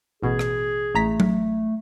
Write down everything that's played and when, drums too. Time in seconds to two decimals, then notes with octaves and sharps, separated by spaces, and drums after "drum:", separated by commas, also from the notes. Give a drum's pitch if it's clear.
0.22 A1 B2 G#4
0.39 drum: rim click
0.95 A1 A3 A#5 B6
1.20 drum: tom F#3